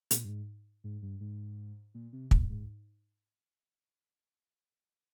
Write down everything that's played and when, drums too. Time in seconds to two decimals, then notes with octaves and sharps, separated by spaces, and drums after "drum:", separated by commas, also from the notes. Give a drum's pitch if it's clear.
0.11 A#2, drum: hi-hat
0.25 G2
0.29 G#2
0.84 G#2
1.02 G2
1.21 G#2
1.94 A#2
2.13 C3
2.31 A#2, drum: kick
2.50 G#2